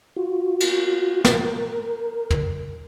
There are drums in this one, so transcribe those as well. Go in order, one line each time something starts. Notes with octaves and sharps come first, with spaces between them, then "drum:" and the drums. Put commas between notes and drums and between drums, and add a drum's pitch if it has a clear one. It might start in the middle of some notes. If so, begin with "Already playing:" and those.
F4 F#4
drum: cymbal
A#4, drum: snare
drum: tom